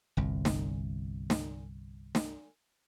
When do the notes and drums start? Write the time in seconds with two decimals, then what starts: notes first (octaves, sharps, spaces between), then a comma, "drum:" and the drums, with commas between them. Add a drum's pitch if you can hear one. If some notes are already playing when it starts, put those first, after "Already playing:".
0.17 G1 C2
0.45 drum: snare
1.30 drum: snare
2.15 drum: snare